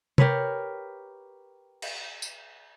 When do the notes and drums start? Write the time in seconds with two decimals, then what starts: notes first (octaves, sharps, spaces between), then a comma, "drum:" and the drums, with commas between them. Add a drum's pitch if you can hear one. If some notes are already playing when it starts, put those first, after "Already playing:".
0.18 G4 A#4 B4 C#5, drum: tom
1.82 drum: cymbal
2.22 drum: tambourine